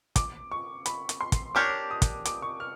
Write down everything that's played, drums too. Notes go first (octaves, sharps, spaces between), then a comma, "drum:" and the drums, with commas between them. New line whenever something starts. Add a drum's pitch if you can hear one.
D6, drum: kick, hi-hat
C#6
B5, drum: hi-hat
drum: hi-hat
C6
drum: kick, hi-hat
D4 G4 A#4 C#5 D6
D#6
drum: kick, hi-hat
D6, drum: hi-hat
C#6
F6